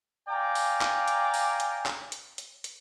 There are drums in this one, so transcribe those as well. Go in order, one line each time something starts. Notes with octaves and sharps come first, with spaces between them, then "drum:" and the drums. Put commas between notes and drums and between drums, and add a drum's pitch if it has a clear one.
D5 F5 G5 G#5 A#5 D6
drum: open hi-hat
drum: clap
drum: hi-hat
drum: open hi-hat
drum: hi-hat
drum: clap
drum: hi-hat
drum: hi-hat
drum: hi-hat